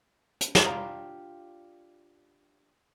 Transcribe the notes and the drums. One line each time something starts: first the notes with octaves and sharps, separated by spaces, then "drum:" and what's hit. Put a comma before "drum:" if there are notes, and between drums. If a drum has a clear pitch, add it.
drum: hi-hat
drum: snare
D4 F4 G4 A#5 B5